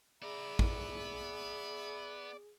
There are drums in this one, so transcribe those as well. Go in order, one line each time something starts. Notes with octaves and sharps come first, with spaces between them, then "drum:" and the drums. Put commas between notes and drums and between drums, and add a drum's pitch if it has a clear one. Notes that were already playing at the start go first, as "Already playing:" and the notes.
B3 G#4 D5 E5 A#5 B5
drum: kick